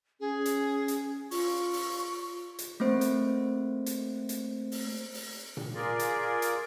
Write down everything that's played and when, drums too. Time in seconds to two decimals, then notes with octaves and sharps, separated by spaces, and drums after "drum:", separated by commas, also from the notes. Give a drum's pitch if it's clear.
0.20 C#4 G#4
0.46 drum: hi-hat
0.88 drum: hi-hat
1.31 F4 C#6, drum: open hi-hat
1.73 drum: open hi-hat
2.59 drum: hi-hat
2.80 A3 A#3 C4 C5
3.01 drum: hi-hat
3.86 drum: hi-hat
4.29 drum: hi-hat
4.72 drum: open hi-hat
5.14 drum: open hi-hat
5.57 drum: tom A#2
5.75 F4 G#4 A#4 D5
5.99 drum: hi-hat
6.42 drum: hi-hat